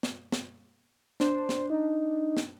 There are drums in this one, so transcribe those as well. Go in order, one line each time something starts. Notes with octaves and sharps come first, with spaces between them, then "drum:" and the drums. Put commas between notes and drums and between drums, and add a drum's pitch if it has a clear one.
drum: snare
drum: snare
D4 C5, drum: snare
drum: snare
D#4
drum: snare